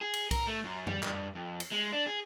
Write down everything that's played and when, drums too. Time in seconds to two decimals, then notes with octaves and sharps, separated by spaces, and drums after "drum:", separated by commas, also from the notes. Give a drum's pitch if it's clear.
0.01 G#4
0.14 drum: cymbal
0.31 A#4, drum: kick B1, cymbal
0.47 A3
0.64 F#2
0.87 G3, drum: tom F2
1.03 G2, drum: clap
1.35 F2
1.60 drum: cymbal
1.72 G#3
1.93 D4
2.06 G#4